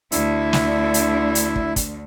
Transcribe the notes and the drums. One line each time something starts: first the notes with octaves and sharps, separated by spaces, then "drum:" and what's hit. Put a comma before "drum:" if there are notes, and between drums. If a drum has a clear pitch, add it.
D2 D3 E4 E5, drum: hi-hat
drum: snare
drum: hi-hat
drum: hi-hat
drum: kick
drum: kick, hi-hat